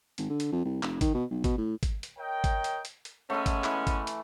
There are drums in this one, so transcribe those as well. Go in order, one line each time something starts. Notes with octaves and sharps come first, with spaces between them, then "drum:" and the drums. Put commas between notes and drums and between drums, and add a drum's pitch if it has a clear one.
G#1, drum: hi-hat
D3
drum: hi-hat
F2
C2
F1, drum: clap
D#3, drum: kick G#1, hi-hat
B2
B1
B2, drum: kick G#1, hi-hat
A2
drum: kick G#1, hi-hat
drum: hi-hat
A#4 C#5 D#5 G5
drum: kick G#1, hi-hat
drum: hi-hat
drum: hi-hat
drum: hi-hat
G#3 A3 B3 C#4 A4
drum: kick G#1, hi-hat
E3, drum: clap
drum: kick G#1, hi-hat
drum: hi-hat